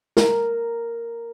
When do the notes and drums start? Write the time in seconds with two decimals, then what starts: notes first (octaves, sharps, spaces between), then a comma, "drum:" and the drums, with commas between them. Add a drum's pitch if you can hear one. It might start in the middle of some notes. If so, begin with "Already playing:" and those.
0.17 A#4, drum: snare